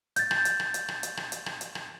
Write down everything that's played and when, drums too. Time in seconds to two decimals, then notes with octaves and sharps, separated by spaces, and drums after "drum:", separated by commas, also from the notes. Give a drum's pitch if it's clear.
0.16 G6 A6, drum: hi-hat
0.31 drum: rim click
0.45 drum: hi-hat
0.60 drum: rim click
0.74 drum: hi-hat
0.89 drum: rim click
1.03 drum: hi-hat
1.17 drum: rim click
1.32 drum: hi-hat
1.46 drum: rim click
1.61 drum: hi-hat
1.75 drum: rim click